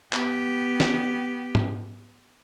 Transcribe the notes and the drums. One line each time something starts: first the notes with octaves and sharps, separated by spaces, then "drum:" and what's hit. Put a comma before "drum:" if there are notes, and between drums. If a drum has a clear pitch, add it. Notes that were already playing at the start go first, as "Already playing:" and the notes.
B3 G4, drum: clap
drum: snare
drum: tom